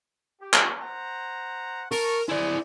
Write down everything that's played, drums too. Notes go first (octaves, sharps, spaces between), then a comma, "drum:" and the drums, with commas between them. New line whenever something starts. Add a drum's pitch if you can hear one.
G4
drum: clap
C5 F#5 A#5
A#4 A5 C#6, drum: open hi-hat
E4 G#4 C5 D5 G#5